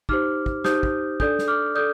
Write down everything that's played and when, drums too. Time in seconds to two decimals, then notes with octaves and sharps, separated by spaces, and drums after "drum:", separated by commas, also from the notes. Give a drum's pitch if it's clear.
0.09 D#4 G4 C5 D6 F6, drum: kick
0.46 drum: kick
0.64 D#4 G4 C5 D#6 G6, drum: snare
0.83 drum: kick
1.20 D4 A4 D5 D#6 G6, drum: kick
1.39 drum: snare
1.48 D6 F6
1.75 A4 D5 D#6 G6